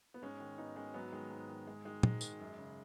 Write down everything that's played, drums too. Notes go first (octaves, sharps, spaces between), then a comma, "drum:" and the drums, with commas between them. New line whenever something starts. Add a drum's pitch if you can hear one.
B3
G#2 G#3 C#4
D#3
G#2 B3 D#4
D#3 G#3 C#4
G#2 F#3 B3
D#3 G#3
G#2
D#3
G#2 G#3
D#3 G#3
G#2 G#3, drum: tom
D#3, drum: tambourine
F#2
C#3